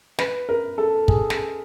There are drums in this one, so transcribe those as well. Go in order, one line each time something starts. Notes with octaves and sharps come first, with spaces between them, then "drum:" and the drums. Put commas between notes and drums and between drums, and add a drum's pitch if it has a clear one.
B4, drum: snare
A#4
A4
G#4, drum: kick
G#4, drum: snare